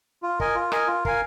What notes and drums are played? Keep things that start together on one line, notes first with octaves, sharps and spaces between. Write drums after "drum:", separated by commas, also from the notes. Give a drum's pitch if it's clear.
F4
A#4 D#5 G#5, drum: kick
F4
A#4 D#5 G#5, drum: rim click
F4
A#4 F5 G#5, drum: kick